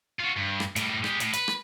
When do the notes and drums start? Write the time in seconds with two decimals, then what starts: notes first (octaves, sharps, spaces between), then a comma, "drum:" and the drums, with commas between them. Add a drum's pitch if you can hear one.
0.19 F4 F#4
0.36 G2
0.60 drum: rim click
0.76 A2 G3, drum: hi-hat
1.04 G#3 G4, drum: rim click
1.20 A2, drum: hi-hat
1.33 B4, drum: hi-hat
1.48 drum: rim click